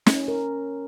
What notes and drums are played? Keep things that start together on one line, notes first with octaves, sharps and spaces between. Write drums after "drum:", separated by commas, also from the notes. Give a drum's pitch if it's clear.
C#4, drum: snare
A#4